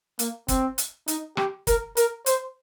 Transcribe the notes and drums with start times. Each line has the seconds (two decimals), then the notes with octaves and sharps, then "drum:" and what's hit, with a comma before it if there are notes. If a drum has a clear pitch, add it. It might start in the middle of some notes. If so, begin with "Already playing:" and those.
0.19 A#3, drum: hi-hat
0.48 C4, drum: kick, hi-hat
0.78 drum: hi-hat
1.08 D#4, drum: hi-hat
1.37 G4, drum: rim click
1.67 A#4, drum: kick, hi-hat
1.97 A#4, drum: hi-hat
2.26 C5, drum: hi-hat